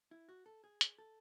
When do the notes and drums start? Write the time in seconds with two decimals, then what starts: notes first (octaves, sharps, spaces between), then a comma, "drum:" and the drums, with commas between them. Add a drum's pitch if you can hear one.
0.11 E4
0.29 F#4
0.46 A4
0.64 G#4
0.81 drum: hi-hat
0.98 A4